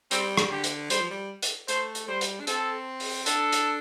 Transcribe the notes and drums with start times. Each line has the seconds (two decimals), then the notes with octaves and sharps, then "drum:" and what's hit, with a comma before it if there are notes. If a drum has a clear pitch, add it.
0.11 G3 C4, drum: hi-hat
0.37 drum: rim click
0.51 D3 G4
0.64 drum: hi-hat
0.90 G3 C5, drum: hi-hat
1.01 F3
1.10 G3
1.42 drum: hi-hat
1.68 A3 C5, drum: hi-hat
1.95 drum: hi-hat
2.08 G3 C5
2.21 drum: hi-hat
2.40 D4
2.47 C4 A4, drum: hi-hat
3.00 drum: open hi-hat
3.26 D4 A4, drum: hi-hat
3.52 drum: hi-hat